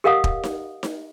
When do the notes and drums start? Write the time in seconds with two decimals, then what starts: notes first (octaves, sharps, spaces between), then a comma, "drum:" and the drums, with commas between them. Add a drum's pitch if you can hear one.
0.04 G4 A#4 D#5 F5 F#5 D#6
0.24 drum: kick
0.43 drum: snare D#4
0.83 drum: snare D#4